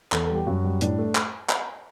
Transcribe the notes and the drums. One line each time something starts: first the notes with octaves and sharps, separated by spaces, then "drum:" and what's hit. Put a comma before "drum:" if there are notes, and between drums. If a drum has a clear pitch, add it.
E2 A4, drum: clap
G3 A4
G4
F#2 F#4
G3
A2 D4, drum: hi-hat
A3
drum: clap
drum: clap